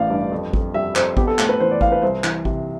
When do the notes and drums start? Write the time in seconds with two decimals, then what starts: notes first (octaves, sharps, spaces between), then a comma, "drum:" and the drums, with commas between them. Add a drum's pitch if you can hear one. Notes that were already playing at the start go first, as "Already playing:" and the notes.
Already playing: A1 E3 D5 F5
0.10 G2
0.32 F2
0.53 F2, drum: kick
0.74 G3 E5
0.95 F2 C5, drum: clap
1.17 B3 G4, drum: kick
1.28 A4
1.39 A2 A4, drum: clap
1.49 B4
1.60 E3 C5
1.71 D5
1.81 E3 F5, drum: kick
1.92 B4
2.02 C2 C5
2.24 E3, drum: clap
2.45 C3, drum: kick